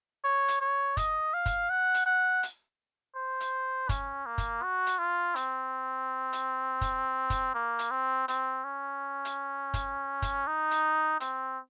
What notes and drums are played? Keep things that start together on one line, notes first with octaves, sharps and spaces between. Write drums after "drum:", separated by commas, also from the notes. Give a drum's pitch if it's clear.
C#5
drum: hi-hat
C#5
D#5, drum: kick, hi-hat
F5
drum: kick, hi-hat
F#5
drum: hi-hat
F#5
drum: hi-hat
C5
drum: hi-hat
C#4, drum: kick, hi-hat
A#3
drum: kick, hi-hat
F#4
drum: hi-hat
F4
C4, drum: hi-hat
drum: hi-hat
drum: kick, hi-hat
drum: kick, hi-hat
A#3
drum: hi-hat
C4
C4, drum: hi-hat
C#4
drum: hi-hat
drum: kick, hi-hat
drum: kick, hi-hat
D#4
drum: hi-hat
C4, drum: hi-hat